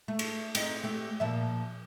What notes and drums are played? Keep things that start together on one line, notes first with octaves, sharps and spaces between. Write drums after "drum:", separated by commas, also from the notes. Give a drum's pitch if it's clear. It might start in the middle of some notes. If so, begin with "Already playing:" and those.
A3
drum: cymbal
C4 D#4, drum: cymbal
A3 G4
A#2 F3 E5